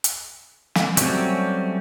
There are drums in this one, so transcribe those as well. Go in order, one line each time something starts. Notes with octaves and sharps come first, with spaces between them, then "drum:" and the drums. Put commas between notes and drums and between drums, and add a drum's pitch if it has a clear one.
drum: hi-hat
drum: snare
F#3 G3 A3 C4 C#4, drum: hi-hat